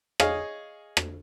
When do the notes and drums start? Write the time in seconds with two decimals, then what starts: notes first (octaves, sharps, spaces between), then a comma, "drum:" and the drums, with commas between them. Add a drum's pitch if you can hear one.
0.20 G#4 C#5 D#5 F5, drum: rim click
0.97 drum: rim click